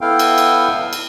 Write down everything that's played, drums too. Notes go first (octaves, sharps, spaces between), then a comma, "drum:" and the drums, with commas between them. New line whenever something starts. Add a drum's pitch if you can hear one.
B3 E4 A4 F5 G5
drum: cymbal
drum: cymbal
drum: cymbal